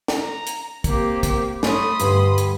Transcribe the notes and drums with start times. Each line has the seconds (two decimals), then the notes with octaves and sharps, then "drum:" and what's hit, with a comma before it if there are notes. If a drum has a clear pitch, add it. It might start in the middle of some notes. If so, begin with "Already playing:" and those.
0.08 drum: snare
0.19 A#5
0.47 drum: hi-hat
0.84 A#3 C4 G4, drum: kick, hi-hat
1.23 drum: kick, hi-hat
1.63 A3 C#5 B5 C6 D#6, drum: snare
2.00 D2 G2, drum: hi-hat
2.38 drum: hi-hat